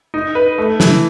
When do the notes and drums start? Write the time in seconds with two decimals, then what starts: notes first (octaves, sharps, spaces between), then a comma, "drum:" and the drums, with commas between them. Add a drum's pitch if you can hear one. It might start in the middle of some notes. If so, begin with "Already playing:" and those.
0.14 D#4
0.35 B4
0.58 A3
0.80 E3, drum: snare